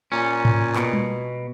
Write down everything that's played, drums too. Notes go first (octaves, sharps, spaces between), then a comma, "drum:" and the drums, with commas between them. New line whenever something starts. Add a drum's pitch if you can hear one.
A#2 C#4
drum: tom G#2
B2, drum: clap
drum: tom G3